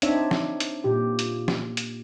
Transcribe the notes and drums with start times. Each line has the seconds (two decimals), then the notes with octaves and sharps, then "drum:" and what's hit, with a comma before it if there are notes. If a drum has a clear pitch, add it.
0.02 C4 D4 D#4 C#5 E5, drum: hi-hat
0.31 drum: snare
0.60 drum: hi-hat
0.84 A#2 G4
1.19 drum: hi-hat
1.48 drum: snare
1.77 drum: hi-hat